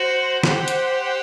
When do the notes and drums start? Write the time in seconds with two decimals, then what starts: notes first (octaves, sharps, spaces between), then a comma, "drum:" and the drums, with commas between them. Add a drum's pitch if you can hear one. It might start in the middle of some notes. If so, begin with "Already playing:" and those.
Already playing: F#4 C5
0.43 G4 F#5, drum: snare
0.68 drum: hi-hat